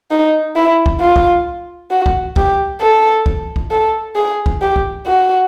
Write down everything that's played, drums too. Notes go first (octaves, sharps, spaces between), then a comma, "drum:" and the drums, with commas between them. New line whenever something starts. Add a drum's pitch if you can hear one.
D#4
E4
drum: kick
F4
drum: kick
F#4
drum: kick
G4, drum: kick
A4
drum: kick
drum: kick
A4
G#4
drum: kick
G4
drum: kick
F#4